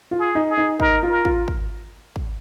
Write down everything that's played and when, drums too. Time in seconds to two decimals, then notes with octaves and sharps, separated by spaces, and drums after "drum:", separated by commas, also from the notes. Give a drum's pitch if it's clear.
0.11 F4
0.20 G#4
0.35 D#4
0.50 G#4
0.58 D#4
0.80 D#4 A#4, drum: kick
1.03 F4
1.10 A#4
1.25 F4, drum: kick
1.48 drum: kick
2.16 drum: kick